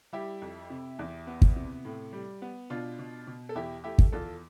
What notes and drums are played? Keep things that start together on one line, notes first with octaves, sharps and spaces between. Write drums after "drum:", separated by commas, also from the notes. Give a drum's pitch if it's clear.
G3 E4 G4
F2
C3
E2
B3
drum: kick
C3
A2
G3
B3
B2 D4 F4
B2
B2
A4
E2 E4 G4
A3 E4 G4
drum: kick
E2 F4 A4